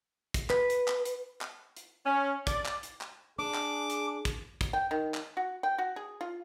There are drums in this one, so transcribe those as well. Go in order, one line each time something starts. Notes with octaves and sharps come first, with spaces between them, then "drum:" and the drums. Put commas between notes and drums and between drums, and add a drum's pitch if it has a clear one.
drum: kick, hi-hat
B4, drum: clap
drum: hi-hat
drum: clap
drum: hi-hat
drum: clap
drum: hi-hat
C#4
D5, drum: kick, hi-hat
drum: clap
drum: hi-hat
drum: clap
D4 G#4 D6
drum: clap
drum: hi-hat
drum: kick, hi-hat
drum: kick, hi-hat
G5
D#3
drum: clap
F#4
G5
F#4
G#4
F4